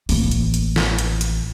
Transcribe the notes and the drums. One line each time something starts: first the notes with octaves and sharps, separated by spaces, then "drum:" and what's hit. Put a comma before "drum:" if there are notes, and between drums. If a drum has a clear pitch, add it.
A1 A#3, drum: open hi-hat
drum: hi-hat
drum: hi-hat
drum: snare
drum: hi-hat
drum: hi-hat